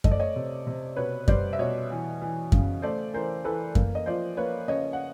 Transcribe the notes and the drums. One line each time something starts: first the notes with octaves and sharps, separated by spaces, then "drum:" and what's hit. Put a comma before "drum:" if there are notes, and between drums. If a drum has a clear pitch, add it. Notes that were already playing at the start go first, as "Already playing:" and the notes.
A3 D#5, drum: kick F#2
D5
C#5 D#5
C3
C3
B2 B4 C#5
G3 C5 D5, drum: kick F#2
E5
B2 C#5 D#5
E3
E3
C#3, drum: kick F#2
A3 C5 D5
E3 A#4 C5
E3 A4 B4
A#3, drum: kick F#2
D#5
F3 C5 D5
A#3 B4 C#5
C#3 C#5 D#5
F#5